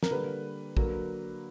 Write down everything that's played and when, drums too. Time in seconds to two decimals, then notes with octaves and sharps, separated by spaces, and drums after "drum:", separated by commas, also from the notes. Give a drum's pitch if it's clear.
0.03 A#4, drum: snare
0.11 D3 G3 A#3 B4
0.77 D3 F#3 A#3, drum: kick